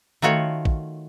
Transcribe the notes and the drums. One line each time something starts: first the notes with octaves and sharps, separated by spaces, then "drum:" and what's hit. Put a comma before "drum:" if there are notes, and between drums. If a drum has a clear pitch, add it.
D#3 A3 F4 F#4 C#5
drum: kick A#1